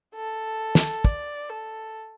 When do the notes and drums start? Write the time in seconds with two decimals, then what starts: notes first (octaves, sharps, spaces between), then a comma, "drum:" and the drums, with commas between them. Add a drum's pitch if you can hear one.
0.15 A4
0.75 drum: snare
1.05 D5, drum: kick
1.49 A4